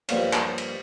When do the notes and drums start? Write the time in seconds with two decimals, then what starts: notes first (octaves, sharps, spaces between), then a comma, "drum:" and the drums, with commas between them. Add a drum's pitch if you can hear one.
0.09 G2 F3 G3 A#3 C#4, drum: cymbal
0.33 drum: clap
0.58 drum: cymbal